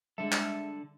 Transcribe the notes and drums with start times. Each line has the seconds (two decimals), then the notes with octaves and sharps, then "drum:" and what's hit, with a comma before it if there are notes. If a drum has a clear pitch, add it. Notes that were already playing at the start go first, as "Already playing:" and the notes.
0.18 D3 G3 G#3 A4 E5
0.32 drum: clap